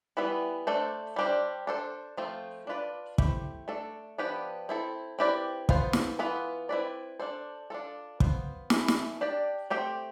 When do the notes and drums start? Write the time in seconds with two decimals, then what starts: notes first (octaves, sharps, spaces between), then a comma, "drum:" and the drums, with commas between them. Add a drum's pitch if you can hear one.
0.17 E3 G3 B3 E4 B4
0.67 A3 D4 A4 C5
1.16 G3 D4 G4 C5
1.67 D4 A4 C5
2.17 F3 A3 C4 F4
2.67 D4 F4 B4 D5
3.18 A3 E4 G4 C5, drum: kick
3.68 A3 D4 A4
4.18 F3 B3 D4 G4 B4
4.69 C4 E4 A4
5.19 C4 E4 G4 B4 D5
5.69 B3 F4 C5, drum: kick
5.93 drum: snare
6.19 E3 B3 F4 B4
6.69 C4 E4 B4 D5
7.20 D4 A4 C5
7.70 D4 F4 A4
8.20 B3 F4 C5, drum: kick
8.70 E3 A3 E4, drum: snare
8.88 drum: snare
9.21 D4 G4 D5
9.70 A3 C4 G4 C5